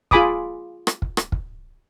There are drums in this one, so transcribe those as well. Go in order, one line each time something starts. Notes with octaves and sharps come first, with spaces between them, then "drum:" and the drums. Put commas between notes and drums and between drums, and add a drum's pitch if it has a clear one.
F4 G#4 G#5 B5 D6 D#6, drum: kick
drum: rim click
drum: kick
drum: rim click
drum: kick